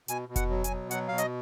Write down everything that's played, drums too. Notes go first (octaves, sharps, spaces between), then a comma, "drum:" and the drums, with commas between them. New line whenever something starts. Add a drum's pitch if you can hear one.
B2 G#5, drum: hi-hat
B2
F#5, drum: kick F1, hi-hat
F#3
G#5, drum: hi-hat
B2
F#3 F#5, drum: hi-hat
B2 F5
D#5, drum: hi-hat